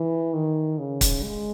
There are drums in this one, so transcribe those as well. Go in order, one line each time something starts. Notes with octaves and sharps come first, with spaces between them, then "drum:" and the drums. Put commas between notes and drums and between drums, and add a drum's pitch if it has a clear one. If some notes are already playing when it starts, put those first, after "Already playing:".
Already playing: E3
D#3
C#3
drum: kick, hi-hat
G#3